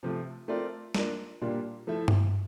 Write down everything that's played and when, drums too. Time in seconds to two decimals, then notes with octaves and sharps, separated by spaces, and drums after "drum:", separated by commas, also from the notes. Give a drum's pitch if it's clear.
0.03 C3 F3 A3
0.48 A3 C4 F4 A#4 D5
0.95 A#3 D4 F4 A#4, drum: snare
1.41 A#2 G3 A#3 D4 F4
1.87 F3 A3 E4 A4 E5
2.08 drum: tom G2